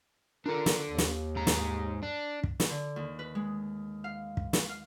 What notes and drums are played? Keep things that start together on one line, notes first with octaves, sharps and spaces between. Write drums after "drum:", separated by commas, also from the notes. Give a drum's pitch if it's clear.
D4 F4 A4 A#4
drum: snare
D#2
drum: snare
G#2 A#5
drum: snare
D4
drum: kick
drum: snare
D3
D#2
B4
G#3
F5
drum: kick
drum: snare
F5